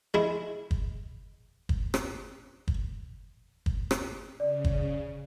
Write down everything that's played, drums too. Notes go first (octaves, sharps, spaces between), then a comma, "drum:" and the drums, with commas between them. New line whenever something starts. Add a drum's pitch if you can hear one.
G#3 E4
drum: kick
drum: kick
drum: rim click
drum: kick
drum: kick
drum: rim click
C#3 D5
drum: kick